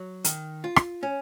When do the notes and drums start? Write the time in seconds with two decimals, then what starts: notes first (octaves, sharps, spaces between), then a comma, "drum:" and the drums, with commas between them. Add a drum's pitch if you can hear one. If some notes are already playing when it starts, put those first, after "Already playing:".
Already playing: F#3
0.24 D#3, drum: hi-hat
0.64 F4
0.76 drum: rim click
1.03 C#4